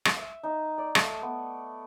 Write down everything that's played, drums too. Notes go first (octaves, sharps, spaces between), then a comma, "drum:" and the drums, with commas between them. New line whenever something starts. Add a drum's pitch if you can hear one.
drum: rim click
E5
D#4
D5
A3, drum: rim click
B3